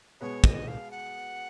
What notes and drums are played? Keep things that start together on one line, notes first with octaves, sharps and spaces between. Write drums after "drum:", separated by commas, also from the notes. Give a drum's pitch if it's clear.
B2 G#3 B3 F#4 C#5
D#5, drum: kick
F5
F#5